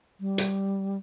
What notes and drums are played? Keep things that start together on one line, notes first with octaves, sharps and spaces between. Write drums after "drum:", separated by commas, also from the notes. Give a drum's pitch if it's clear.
G3
drum: hi-hat